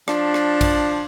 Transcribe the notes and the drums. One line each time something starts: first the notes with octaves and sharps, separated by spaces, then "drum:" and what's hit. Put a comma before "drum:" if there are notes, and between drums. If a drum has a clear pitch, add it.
F3 D4, drum: rim click
drum: rim click
drum: kick, cymbal